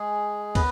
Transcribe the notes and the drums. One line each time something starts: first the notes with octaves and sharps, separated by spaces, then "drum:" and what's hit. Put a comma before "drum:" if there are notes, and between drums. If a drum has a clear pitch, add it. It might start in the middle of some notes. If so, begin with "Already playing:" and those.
Already playing: G#3 G#4
B3 B4, drum: kick, cymbal